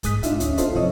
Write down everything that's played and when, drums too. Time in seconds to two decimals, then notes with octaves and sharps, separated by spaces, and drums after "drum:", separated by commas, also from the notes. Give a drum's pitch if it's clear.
0.03 B1 G#2 G#3 D#6 F#6 B6, drum: kick, hi-hat
0.23 D4 D#4 F4 E5, drum: hi-hat
0.40 D2 C#4, drum: hi-hat
0.58 C4 F4 A4 C5 D#5, drum: kick, hi-hat
0.75 F#2 C3 F3 E4 C#5 D#5